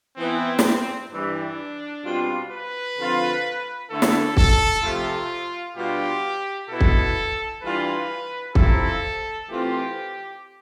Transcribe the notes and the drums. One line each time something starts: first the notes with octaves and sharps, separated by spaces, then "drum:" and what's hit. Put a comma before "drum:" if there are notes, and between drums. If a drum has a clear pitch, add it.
E3 B3 C4 E4
drum: snare
G2 E3 G3 D4
B2 G3 C4 F4
B4
D3 F3 C4 F4
D3 A3 E4 A4
drum: snare
A4, drum: kick
C3 F3 A3 F4
B2 G3 D4 F4 G4
B2 B3 E4 A4
drum: kick
E3 G3 D4 F4 B4
C3 F3 C4 E4 A4, drum: kick
E3 A3 C4 F4 G4